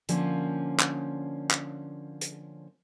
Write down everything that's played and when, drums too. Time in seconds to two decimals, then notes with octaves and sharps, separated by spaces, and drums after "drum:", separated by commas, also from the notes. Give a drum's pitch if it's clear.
0.09 D3 F3 A#3 C#4, drum: hi-hat
0.80 drum: clap
1.50 drum: clap
2.21 drum: hi-hat